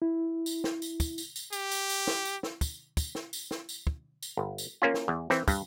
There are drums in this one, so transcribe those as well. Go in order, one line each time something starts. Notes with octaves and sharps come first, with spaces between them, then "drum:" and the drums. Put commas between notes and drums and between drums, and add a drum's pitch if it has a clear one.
E4
drum: tambourine
drum: snare
drum: tambourine
drum: kick, tambourine
drum: tambourine
drum: tambourine
G4, drum: tambourine
drum: tambourine
drum: tambourine
drum: snare
drum: tambourine
drum: snare
drum: kick, tambourine
drum: kick, tambourine
drum: snare
drum: tambourine
drum: snare
drum: tambourine
drum: kick
drum: tambourine
G1
drum: tambourine
A#3 C#4 F4
drum: snare
E2
E3 C4, drum: snare
G2, drum: kick, tambourine